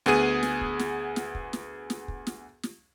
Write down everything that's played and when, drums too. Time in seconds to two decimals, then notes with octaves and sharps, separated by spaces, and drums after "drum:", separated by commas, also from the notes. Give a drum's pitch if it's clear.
0.06 D2 B3 G#4 D#7, drum: snare
0.43 drum: snare
0.61 drum: kick
0.79 drum: snare
1.16 drum: snare
1.35 drum: kick
1.53 drum: snare
1.90 drum: snare
2.08 drum: kick
2.27 drum: snare
2.63 drum: snare